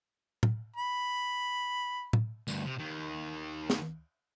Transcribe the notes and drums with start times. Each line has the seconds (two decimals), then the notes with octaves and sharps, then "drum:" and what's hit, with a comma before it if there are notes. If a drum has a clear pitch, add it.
0.43 drum: tom
0.76 B5
2.13 drum: tom
2.48 D2 G2, drum: tambourine
2.65 C3
2.79 D#2 D#3
3.70 drum: snare